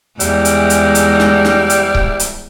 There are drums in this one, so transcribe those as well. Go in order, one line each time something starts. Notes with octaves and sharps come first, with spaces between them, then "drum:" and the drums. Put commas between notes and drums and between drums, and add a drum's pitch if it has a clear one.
E2 G3 G#3, drum: hi-hat
drum: hi-hat
drum: hi-hat
drum: hi-hat
drum: snare
drum: snare
drum: hi-hat
drum: kick C#1
drum: hi-hat